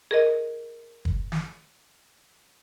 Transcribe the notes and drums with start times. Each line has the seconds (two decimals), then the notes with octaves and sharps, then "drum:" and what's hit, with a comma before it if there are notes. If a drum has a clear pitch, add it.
0.11 G#4 A#4 D#5
1.05 drum: kick
1.32 drum: snare